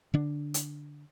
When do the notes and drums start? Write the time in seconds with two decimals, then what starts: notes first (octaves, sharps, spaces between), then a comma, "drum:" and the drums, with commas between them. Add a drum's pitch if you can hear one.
0.14 D3 D4
0.54 drum: hi-hat